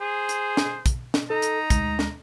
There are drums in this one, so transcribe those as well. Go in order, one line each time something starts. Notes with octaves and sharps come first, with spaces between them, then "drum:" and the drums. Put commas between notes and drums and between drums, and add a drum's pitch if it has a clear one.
G#4 C5
drum: hi-hat
drum: snare
drum: kick, hi-hat
drum: snare
D#4 A4 A#5
drum: hi-hat
D2 G#3, drum: kick, hi-hat
drum: snare